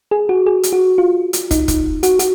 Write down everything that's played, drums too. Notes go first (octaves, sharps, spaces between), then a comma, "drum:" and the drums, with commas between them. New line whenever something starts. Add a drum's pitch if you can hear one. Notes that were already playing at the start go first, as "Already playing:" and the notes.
G#4
F#4
G#4
drum: hi-hat
F#4
F4
drum: hi-hat
D#4, drum: kick, hi-hat
drum: kick, hi-hat
F#4, drum: hi-hat
F#4, drum: hi-hat